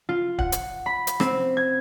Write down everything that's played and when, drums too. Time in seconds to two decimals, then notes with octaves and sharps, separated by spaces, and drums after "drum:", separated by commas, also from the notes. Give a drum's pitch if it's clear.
0.09 F4
0.39 F#5, drum: kick D1
0.52 drum: hi-hat
0.86 B5
1.07 drum: hi-hat
1.20 C4, drum: rim click
1.57 G#6